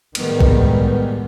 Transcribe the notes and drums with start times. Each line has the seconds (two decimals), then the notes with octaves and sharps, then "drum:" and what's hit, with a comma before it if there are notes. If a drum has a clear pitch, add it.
0.15 A2 D#3 G3 G#3 B3, drum: cymbal
0.41 drum: kick